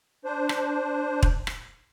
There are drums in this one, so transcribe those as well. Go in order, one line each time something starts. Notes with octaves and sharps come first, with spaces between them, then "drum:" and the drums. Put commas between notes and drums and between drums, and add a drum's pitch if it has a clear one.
D4 C5
drum: rim click
drum: kick
drum: rim click